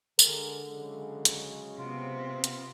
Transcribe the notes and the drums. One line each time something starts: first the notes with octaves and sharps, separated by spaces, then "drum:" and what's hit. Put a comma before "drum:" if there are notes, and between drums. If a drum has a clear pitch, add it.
D3 G#3 A#4, drum: tambourine
C#3 F#3 G#3
drum: hi-hat
C3 B3 C4 F4
drum: hi-hat